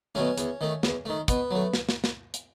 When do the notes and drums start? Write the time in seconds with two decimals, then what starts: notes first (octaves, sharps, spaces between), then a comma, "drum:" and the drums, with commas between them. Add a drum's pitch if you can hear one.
0.15 B2 F#3 A3 C#4
0.38 E2, drum: hi-hat
0.61 D#3 A3
0.83 E2, drum: snare
1.05 D#3 A3
1.28 B2 B3, drum: kick, hi-hat
1.51 F#3 A3
1.73 drum: snare
1.89 drum: snare
2.04 drum: snare
2.34 drum: hi-hat